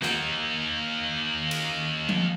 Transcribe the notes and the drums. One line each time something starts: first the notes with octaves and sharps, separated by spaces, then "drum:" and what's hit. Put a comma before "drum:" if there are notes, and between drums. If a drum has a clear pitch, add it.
A#3 D#4, drum: snare
drum: cymbal
drum: tom F3